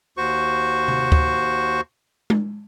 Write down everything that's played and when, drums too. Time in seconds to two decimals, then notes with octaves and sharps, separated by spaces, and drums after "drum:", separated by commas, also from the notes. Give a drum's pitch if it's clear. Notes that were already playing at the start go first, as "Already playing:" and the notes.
0.17 D#2 F#4 C5 C#6
0.88 drum: tom C3
1.12 drum: kick
2.30 drum: tom G#3